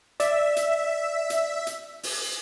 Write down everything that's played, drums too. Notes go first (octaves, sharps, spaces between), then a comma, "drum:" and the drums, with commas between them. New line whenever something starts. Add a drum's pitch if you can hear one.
D5 E5, drum: hi-hat
drum: hi-hat
drum: hi-hat
drum: hi-hat
drum: open hi-hat